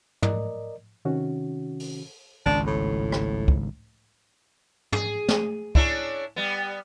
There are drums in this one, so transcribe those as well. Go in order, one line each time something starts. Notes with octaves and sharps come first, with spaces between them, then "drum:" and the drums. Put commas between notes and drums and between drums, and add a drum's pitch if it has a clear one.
A#4 D5 D#5, drum: tom
C3 D#3 C#4 F#4
drum: open hi-hat
G#1 C#2 D4
A2
drum: rim click
drum: kick
G#4, drum: tom
drum: snare
C#4 D4 E4, drum: kick
G3 B3